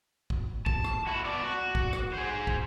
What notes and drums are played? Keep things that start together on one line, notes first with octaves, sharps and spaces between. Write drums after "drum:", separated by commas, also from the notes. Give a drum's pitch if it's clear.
drum: kick
A5, drum: kick
drum: rim click
E4 F#4
B3 D5
F#4
drum: kick
drum: rim click
G#4 C5
drum: kick